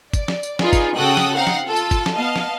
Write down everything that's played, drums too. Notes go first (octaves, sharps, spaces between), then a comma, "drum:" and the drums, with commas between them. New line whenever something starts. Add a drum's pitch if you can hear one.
D5, drum: kick G1, tambourine
drum: snare
drum: tambourine
D#4 F4 G#4 B4 D5, drum: snare
drum: kick G1, tambourine
C#3 F#4 A4 G5 D#6 F#6
drum: snare
C4 D#4 F5 F#5
drum: snare
F4 A4 A5
drum: tambourine
drum: kick G1, tambourine
drum: snare
B3 D#5 F5 A5
drum: snare